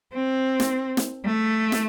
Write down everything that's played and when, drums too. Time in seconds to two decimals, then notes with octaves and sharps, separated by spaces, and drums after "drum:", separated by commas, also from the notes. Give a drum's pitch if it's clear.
0.13 C4
0.60 drum: snare
0.97 drum: snare
1.25 A3
1.72 drum: snare